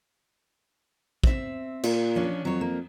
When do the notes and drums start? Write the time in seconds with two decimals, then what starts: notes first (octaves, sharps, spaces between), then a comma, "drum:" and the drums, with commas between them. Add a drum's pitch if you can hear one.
1.24 C4 E5, drum: kick
1.84 A#2, drum: cymbal
2.15 F3 C#4 D4
2.45 F2 F#3 C#5
2.61 A#3